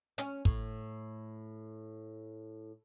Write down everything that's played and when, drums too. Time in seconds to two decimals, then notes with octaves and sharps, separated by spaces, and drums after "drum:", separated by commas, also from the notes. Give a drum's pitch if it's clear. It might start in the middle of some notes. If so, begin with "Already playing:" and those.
0.18 C#4, drum: hi-hat
0.45 A2, drum: kick